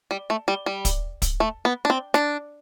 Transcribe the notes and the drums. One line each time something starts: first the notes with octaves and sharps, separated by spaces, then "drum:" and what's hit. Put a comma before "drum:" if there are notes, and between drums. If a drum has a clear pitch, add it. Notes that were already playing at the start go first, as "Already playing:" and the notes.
G3
A3
G3
G3
drum: kick, hi-hat
drum: kick, hi-hat
A3
B3
D4
C4
D4, drum: snare